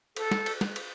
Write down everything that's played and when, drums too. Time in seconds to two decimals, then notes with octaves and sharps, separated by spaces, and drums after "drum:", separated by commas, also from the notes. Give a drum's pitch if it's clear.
0.16 A4, drum: cymbal
0.31 drum: snare
0.46 drum: cymbal
0.61 drum: snare
0.76 drum: cymbal